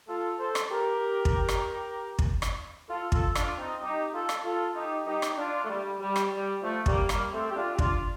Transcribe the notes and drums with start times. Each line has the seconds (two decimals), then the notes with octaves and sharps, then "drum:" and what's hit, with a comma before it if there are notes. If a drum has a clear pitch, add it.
0.08 F4 A4
0.39 A4 C5
0.55 drum: rim click
0.71 G4 A#4
1.25 drum: kick
1.49 drum: rim click
2.19 drum: kick
2.42 drum: rim click
2.89 F4 A4
3.12 F4 A4, drum: kick
3.35 D4 F4, drum: rim click
3.58 C4 D#4
3.81 D#4 G4
4.13 F4 A4
4.29 drum: rim click
4.44 F4 A4
4.76 D#4 G4
5.06 D#4 G4
5.22 drum: rim click
5.38 D4 F4
5.64 A3
5.69 G3
6.00 G3
6.16 drum: rim click
6.31 G3
6.62 F3 A3
6.86 G3 A#3, drum: kick
7.09 G3 A#3, drum: rim click
7.32 A3 C4
7.50 G4
7.56 D4 F4
7.75 G4
7.78 D4 F4, drum: kick